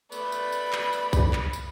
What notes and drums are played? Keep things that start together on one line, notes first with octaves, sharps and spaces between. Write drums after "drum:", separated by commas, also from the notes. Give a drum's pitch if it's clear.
A3 B3 D5 B5, drum: tambourine
drum: tambourine
drum: tambourine
drum: clap
drum: tambourine
drum: kick B1, tambourine
drum: clap
drum: tambourine